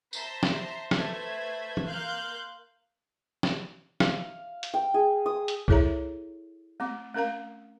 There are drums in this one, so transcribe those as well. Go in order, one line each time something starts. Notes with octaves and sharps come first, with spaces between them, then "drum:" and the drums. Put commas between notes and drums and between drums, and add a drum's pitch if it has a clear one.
C5 E5 A5 A#5 C6, drum: tambourine
drum: snare
A3 B4 C5 E5 G#6, drum: snare
drum: tom
A#3 F5 C6 F#6 G6
drum: snare
F5, drum: snare
drum: hi-hat
G5
G#4
D#6
drum: hi-hat
E4 G#4 A4 C#5 E5 A#5, drum: kick C2
A3 C4 D6
A3 C#4 A#4 F5 A#5